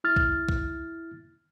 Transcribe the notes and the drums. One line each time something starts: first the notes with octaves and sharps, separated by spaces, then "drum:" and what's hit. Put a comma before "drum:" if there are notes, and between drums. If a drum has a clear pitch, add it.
E4 F6 A6
drum: kick
drum: kick